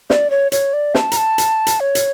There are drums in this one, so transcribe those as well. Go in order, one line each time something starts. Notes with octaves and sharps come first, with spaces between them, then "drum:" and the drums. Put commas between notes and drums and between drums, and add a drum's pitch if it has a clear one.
D5, drum: snare
C#5
C#5, drum: hi-hat
D5
A5, drum: snare
A#5, drum: hi-hat
A5
drum: hi-hat
drum: hi-hat
C#5
drum: hi-hat